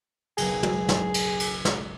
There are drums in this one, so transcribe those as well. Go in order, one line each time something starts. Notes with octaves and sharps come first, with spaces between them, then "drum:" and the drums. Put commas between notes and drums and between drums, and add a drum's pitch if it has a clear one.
F#1 B1 G#4, drum: cymbal
drum: tom
drum: snare
drum: cymbal
drum: cymbal
drum: snare